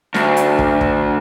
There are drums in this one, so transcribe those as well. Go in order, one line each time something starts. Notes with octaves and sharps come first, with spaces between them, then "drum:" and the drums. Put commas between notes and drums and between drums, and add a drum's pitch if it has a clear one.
D2, drum: snare
drum: hi-hat
drum: kick
drum: kick